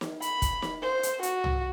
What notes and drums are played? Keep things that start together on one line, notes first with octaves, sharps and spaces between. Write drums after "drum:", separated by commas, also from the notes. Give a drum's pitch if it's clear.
drum: snare
B5, drum: hi-hat
drum: kick, hi-hat
drum: snare
C5
drum: hi-hat
F#4, drum: hi-hat
drum: tom C2